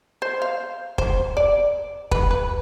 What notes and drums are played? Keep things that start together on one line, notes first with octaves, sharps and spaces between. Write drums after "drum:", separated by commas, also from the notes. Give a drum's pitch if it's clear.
C5
F5
C5, drum: kick
D5
B4, drum: kick
B4